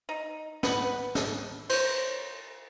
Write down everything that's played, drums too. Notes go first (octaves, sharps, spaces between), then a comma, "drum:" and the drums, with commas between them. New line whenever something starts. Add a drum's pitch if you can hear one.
D#4
B3 B4, drum: snare
A4, drum: snare
C5 C#5, drum: cymbal